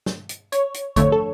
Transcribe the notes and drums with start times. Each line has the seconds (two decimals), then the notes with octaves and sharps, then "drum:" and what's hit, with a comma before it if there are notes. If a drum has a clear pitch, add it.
0.06 drum: snare
0.29 drum: hi-hat
0.52 C#5, drum: hi-hat
0.74 drum: hi-hat
0.96 F2 D3 A3 C#5, drum: kick, hi-hat
1.12 A4